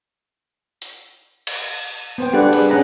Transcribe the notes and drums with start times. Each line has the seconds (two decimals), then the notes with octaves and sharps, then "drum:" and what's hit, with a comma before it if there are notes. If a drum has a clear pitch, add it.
0.82 drum: hi-hat
1.47 drum: cymbal
2.18 B3 C5 G5
2.33 G3 D4 G4 A4 B4 F#5
2.53 G#4 B4, drum: cymbal
2.69 C#4 G#4 F#5 A#5 B5